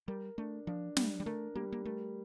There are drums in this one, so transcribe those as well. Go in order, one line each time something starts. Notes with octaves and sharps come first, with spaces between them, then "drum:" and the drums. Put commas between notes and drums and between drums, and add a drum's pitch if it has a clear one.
G3 A#4
A3 D4
F3 D4
G3 D4, drum: snare
G3
A3 A#4
G3 A#3
A#3
A3 A#4